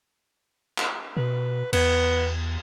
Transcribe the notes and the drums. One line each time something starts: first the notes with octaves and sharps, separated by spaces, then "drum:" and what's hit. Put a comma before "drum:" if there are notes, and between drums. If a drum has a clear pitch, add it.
drum: clap
B2 B4
E2 B3, drum: cymbal